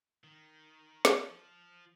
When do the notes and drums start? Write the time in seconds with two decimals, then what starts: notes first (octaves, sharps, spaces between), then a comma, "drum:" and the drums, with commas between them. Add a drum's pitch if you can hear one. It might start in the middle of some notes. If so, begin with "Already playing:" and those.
0.24 D#3
1.05 F3, drum: snare